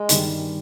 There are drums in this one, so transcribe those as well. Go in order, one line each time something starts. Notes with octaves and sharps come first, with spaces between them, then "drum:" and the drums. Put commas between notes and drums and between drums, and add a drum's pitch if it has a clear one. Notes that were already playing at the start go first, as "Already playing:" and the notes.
Already playing: G#3
G2 D#3 G3, drum: hi-hat